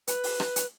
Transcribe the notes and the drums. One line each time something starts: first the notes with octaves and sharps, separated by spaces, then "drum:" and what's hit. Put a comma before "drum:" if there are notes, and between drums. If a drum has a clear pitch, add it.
B4, drum: hi-hat
drum: open hi-hat
drum: rim click
drum: hi-hat